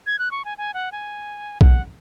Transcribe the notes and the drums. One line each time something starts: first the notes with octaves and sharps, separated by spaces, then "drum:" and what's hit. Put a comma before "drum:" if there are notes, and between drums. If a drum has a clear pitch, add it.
G#6
F#6
C#6
G#5
G#5
F#5
G#5
F#5, drum: kick B1